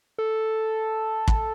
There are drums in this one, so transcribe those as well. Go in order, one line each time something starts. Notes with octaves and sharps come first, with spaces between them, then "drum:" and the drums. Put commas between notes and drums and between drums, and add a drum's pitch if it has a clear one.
A4
drum: kick